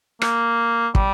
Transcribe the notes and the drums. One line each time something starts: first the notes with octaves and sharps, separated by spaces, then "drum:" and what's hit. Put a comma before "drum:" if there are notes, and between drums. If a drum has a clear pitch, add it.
A#3, drum: rim click
G3, drum: kick